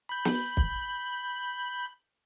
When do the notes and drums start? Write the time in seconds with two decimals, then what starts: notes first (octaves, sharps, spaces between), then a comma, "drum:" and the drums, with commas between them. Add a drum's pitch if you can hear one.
0.09 B5 G6
0.25 drum: snare
0.57 drum: kick